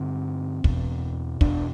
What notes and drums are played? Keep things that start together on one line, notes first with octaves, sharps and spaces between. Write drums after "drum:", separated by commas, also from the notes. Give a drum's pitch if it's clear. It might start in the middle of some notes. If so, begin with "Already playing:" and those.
Already playing: G2 D3 C4
E2 B2, drum: kick
E2 B2 D4, drum: kick